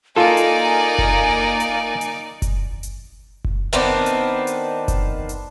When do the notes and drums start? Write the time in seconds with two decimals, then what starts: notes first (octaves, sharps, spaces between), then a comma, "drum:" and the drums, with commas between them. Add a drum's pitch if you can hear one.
0.16 A#3 D#4 F4 A4 D5 G#5
0.37 drum: hi-hat
0.98 drum: kick F#1
1.60 drum: hi-hat
2.01 drum: hi-hat
2.42 drum: kick F#1, hi-hat
2.83 drum: hi-hat
3.44 drum: kick F#1
3.73 D#3 B3 C4 D4
4.06 drum: hi-hat
4.47 drum: hi-hat
4.88 drum: kick F#1, hi-hat
5.29 drum: hi-hat